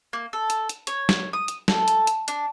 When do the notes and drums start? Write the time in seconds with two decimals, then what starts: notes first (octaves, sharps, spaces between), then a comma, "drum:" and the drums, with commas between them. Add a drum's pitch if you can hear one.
0.13 A#3
0.33 A4
0.50 drum: hi-hat
0.69 drum: hi-hat
0.87 C#5, drum: hi-hat
1.09 drum: snare
1.33 D#6
1.48 drum: hi-hat
1.68 A4, drum: snare
1.88 drum: hi-hat
2.07 drum: hi-hat
2.28 D4, drum: hi-hat